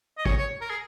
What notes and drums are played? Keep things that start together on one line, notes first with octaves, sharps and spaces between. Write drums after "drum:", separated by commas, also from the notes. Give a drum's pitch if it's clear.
D#5
C#5, drum: kick
C#5
A#4
G#4